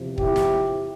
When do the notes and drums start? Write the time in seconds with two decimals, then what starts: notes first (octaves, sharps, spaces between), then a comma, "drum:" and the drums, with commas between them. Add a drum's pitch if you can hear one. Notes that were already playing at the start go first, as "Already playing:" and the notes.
Already playing: E2 C3 F3
0.18 E4 G4, drum: kick
0.36 drum: snare